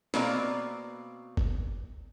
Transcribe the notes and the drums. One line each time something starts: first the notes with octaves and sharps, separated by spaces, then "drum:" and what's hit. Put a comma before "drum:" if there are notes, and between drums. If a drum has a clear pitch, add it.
B2 A#3 C4 B4 D5 A#5, drum: snare
drum: kick G1